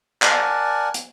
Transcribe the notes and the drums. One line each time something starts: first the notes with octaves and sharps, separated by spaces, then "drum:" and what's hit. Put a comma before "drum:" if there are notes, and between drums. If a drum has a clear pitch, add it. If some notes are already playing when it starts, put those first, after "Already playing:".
A#4 D5 F#5 G#5 A5, drum: clap
drum: hi-hat